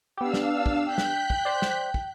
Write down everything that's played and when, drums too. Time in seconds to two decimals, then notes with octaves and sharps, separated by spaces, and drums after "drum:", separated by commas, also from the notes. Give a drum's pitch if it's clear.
0.18 B3 D4 G4 F5 E6
0.34 drum: snare
0.66 drum: kick
0.86 G5 F#6 G6 B6
0.98 drum: snare
1.30 drum: kick
1.45 C5 D5
1.62 drum: snare
1.94 drum: kick